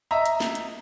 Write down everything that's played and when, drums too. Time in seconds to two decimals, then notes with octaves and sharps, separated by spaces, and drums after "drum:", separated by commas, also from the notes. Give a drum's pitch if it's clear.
0.11 D#5 E5 A#5
0.26 drum: hi-hat
0.40 drum: snare
0.55 drum: hi-hat